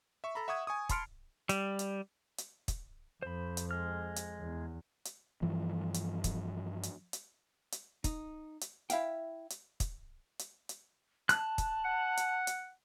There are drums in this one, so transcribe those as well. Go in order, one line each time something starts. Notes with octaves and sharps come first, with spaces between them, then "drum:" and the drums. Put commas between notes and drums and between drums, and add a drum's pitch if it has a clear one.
E5 C#6
A4 A#5 B5
E5 F#5 C#6 D#6 G#6
G#5 C#6 D#6
A5 B5 C6 F6 C#7 D7, drum: kick, hi-hat
G3, drum: hi-hat
drum: hi-hat
drum: hi-hat
drum: kick, hi-hat
F2 C5 B5
drum: hi-hat
G#3 F6
drum: hi-hat
E2
drum: hi-hat
G2 E3 F3
drum: hi-hat
drum: kick, hi-hat
drum: hi-hat
drum: hi-hat
drum: hi-hat
D#4, drum: kick, hi-hat
drum: hi-hat
E4 E5 F5 G5, drum: hi-hat
drum: hi-hat
drum: kick, hi-hat
drum: hi-hat
drum: hi-hat
A5 F#6, drum: hi-hat
drum: kick, hi-hat
F#5
drum: hi-hat
drum: hi-hat